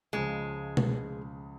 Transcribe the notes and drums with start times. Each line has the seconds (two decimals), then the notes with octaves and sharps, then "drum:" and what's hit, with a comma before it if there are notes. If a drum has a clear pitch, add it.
0.13 C#2 C#3 F3 G#3
0.77 drum: tom B2